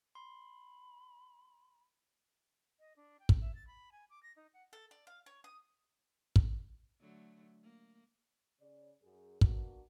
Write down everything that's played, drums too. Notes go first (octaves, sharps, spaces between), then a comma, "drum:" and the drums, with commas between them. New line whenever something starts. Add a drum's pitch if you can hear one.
B5 C6
D#5
D4
G5
drum: kick
E5
A6
B5
G#5
D6
A#6
D#4
F#5
A4
D5
F5
C#5
D#6
drum: kick
D3 F#3 A3
A#3
C#3 C#5 D5
F#2 G#4
A#3 B3 D4 F#4, drum: kick